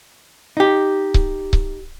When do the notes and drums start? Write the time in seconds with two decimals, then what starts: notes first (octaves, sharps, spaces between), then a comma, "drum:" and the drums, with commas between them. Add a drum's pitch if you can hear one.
0.57 D#4 G4
1.14 drum: kick C#1
1.53 drum: kick C#1